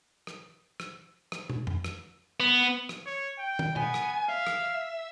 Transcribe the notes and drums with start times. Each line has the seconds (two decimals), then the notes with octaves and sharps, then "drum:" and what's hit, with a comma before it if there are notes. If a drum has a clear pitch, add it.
0.27 drum: rim click
0.80 drum: rim click
1.32 drum: rim click
1.50 drum: tom
1.67 drum: tom F2
1.84 drum: rim click
2.40 B3
2.89 drum: rim click
3.06 C#5
3.38 G5
3.59 drum: tom
3.76 B3 G#5, drum: tom
3.94 drum: rim click
4.29 E5 F5
4.47 drum: rim click